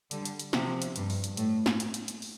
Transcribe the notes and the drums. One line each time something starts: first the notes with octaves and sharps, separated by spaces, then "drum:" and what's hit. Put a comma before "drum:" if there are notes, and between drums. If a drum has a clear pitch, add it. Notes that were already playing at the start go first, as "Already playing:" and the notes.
D3 G3, drum: hi-hat
drum: hi-hat
drum: hi-hat
C3 F3, drum: snare
drum: hi-hat
G2, drum: hi-hat
drum: open hi-hat
drum: hi-hat
A2, drum: hi-hat
drum: snare
drum: hi-hat
drum: hi-hat
drum: hi-hat
drum: open hi-hat